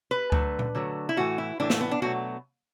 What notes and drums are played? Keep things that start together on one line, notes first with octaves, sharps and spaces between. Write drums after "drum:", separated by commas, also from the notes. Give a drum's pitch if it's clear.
B4
D3 F#3 A3, drum: kick D2
drum: tom A#2
D3 F#3 A3
E4
A2 E3 A3 F#4
E4
A2 E3 A3 D4
A3, drum: snare
B3
D4
B2 F#3 A3 F#4